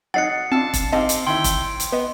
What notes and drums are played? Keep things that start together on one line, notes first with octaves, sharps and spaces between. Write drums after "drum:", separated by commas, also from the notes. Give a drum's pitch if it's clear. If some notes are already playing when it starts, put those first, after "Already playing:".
F#3 D#4 F#5 F#6 A6 C7 C#7
C4 D4 F4 A5 E6 C7
drum: kick E1, hi-hat
G#2 C4 G4 D#5 F5 A5
drum: hi-hat
D#2 E4 G5 C6
drum: kick E1, hi-hat
drum: hi-hat
B3 B4 D#5